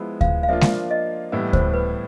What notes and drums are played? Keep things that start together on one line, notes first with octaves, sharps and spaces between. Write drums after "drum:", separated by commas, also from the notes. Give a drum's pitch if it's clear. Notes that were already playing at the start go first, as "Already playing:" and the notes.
Already playing: F3 G#3 B3 E4
F5, drum: kick D2
F5
F3 A#3 D4 F4 E5
drum: snare G#3
D#5
A2 E3 G3 B3 E4
C5, drum: kick D2
B4